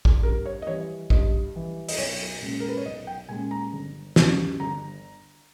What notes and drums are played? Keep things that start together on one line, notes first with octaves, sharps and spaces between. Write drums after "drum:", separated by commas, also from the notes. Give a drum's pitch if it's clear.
drum: kick
G2 A#4
C#5
D#5
E3 G3 C#5
G2 D#5, drum: kick
E3 G3
D#5, drum: open hi-hat
B1 C#5
A#2 G#3 C#4
A#4
B4
C#5
B1 D#5
G5
A#2 G#3 C#4 G#5
A#5
G1
G2 G3 C#4, drum: snare
G1 A#5